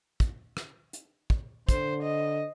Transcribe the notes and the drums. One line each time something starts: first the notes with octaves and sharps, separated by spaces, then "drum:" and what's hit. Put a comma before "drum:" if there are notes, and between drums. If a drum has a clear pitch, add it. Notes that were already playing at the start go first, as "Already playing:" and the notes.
drum: kick, hi-hat
drum: rim click
drum: hi-hat
drum: kick
D3 C5, drum: kick, hi-hat
D#5